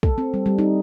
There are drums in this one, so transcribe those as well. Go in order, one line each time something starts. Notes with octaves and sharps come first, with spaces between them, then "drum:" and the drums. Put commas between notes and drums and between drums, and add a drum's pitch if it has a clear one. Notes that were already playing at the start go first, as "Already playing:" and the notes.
A4, drum: kick
C4
G3
G3
D#4